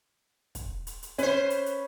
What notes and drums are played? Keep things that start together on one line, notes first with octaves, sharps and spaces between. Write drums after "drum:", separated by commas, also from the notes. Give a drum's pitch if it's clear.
drum: kick, hi-hat
drum: hi-hat
drum: hi-hat
C#4 B4 C5, drum: hi-hat
drum: hi-hat
drum: hi-hat